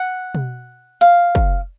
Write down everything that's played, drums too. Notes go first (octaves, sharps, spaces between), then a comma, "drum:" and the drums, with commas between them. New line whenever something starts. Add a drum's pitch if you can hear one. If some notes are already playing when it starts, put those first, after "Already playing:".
Already playing: F#5
drum: tom B2
F5
drum: kick